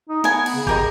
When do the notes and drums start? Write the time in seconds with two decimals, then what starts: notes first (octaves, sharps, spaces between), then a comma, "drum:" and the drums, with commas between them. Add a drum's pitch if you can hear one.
0.09 D#4
0.24 B3 A#4 G#5, drum: snare
0.46 drum: cymbal
0.55 C#3
0.67 G4 A#4 D#5, drum: kick G1